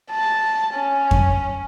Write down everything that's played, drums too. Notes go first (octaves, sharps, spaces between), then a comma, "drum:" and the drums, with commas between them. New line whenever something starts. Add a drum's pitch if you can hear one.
A5
C#4
drum: kick F2